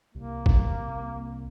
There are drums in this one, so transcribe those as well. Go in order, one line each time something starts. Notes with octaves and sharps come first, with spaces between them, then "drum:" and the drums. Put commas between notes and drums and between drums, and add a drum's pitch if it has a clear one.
C2 A#3
drum: kick